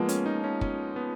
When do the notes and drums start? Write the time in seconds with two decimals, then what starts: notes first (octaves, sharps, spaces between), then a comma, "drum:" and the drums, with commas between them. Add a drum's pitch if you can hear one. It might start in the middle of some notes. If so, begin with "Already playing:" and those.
Already playing: F3 G#3 A#3 B3
0.09 C#4, drum: hi-hat
0.26 D#4
0.44 C#4
0.61 C#4, drum: kick
0.96 B3